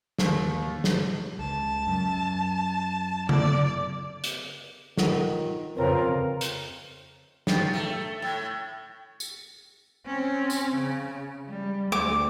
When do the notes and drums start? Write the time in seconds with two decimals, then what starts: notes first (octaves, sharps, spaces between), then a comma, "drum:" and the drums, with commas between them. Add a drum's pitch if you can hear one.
0.19 D#2, drum: snare
0.84 drum: snare
1.39 C#2 A5
1.87 F#2
3.29 D5, drum: tom C#3
4.24 drum: hi-hat
4.97 D#3 F4 A4 F#5, drum: snare
5.77 F2 C#3 C4 F4 A#4 B4 C#5
6.41 drum: hi-hat
7.47 D#3, drum: snare
7.74 A3
8.22 A2
9.20 drum: tambourine
10.06 C4 C#4
10.50 drum: tambourine
10.75 C#3
11.48 G3
11.92 D2 D6